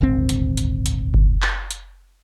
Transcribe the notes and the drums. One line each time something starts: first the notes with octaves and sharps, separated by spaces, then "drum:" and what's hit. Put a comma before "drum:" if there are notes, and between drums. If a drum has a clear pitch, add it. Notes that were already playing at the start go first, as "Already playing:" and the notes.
D#1 G#1 D2 C4
drum: hi-hat
drum: hi-hat
drum: hi-hat
drum: kick F#1
drum: clap
drum: hi-hat